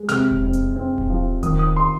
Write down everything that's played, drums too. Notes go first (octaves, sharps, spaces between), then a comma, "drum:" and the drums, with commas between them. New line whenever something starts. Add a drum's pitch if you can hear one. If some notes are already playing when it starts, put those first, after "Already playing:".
Already playing: G#3
C3 F6, drum: snare
drum: kick D#1
F2
drum: hi-hat
C4
drum: kick D#1
F3
D#3 D#6, drum: kick D#1, hi-hat
D#6
C6